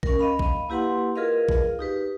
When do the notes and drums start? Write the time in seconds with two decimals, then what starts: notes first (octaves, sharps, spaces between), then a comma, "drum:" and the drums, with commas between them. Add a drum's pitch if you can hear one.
0.03 C#4 A#4, drum: kick A#1
0.19 D#5 F5 B5
0.39 drum: kick A#1
0.69 A#3 E4 G4 B4 F#5 C6
1.16 F4 G#4 A#4 B4 D#5 F5
1.49 drum: kick A#1
1.79 D#4 G4 B4